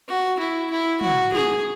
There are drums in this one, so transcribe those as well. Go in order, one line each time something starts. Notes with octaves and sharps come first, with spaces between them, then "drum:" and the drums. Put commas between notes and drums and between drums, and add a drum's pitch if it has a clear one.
F#4
E4
E4
F#4, drum: tom
G#4, drum: tom